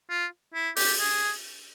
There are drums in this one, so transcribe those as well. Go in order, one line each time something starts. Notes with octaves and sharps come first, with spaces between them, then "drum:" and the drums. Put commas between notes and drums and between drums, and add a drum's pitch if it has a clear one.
F4
E4
G4, drum: open hi-hat
G#4